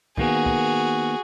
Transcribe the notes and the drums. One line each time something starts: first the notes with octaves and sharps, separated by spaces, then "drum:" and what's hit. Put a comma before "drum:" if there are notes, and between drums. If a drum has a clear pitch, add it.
D#3 A#3 B3 F#4 G#4, drum: kick
drum: kick